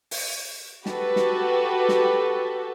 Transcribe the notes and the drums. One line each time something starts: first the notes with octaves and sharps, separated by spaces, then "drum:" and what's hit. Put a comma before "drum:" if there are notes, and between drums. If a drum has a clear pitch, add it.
drum: open hi-hat
F#4 G4 A4 B4, drum: snare
drum: snare
drum: snare